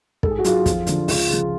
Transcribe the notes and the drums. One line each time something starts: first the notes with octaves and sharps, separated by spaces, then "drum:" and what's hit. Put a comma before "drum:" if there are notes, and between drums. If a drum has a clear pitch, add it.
G#2 A4, drum: kick
G#4
F#4
F#3 F4 G#4, drum: hi-hat
F2, drum: kick, hi-hat
D3 F3, drum: hi-hat
C#2 F4, drum: open hi-hat
C#3 F3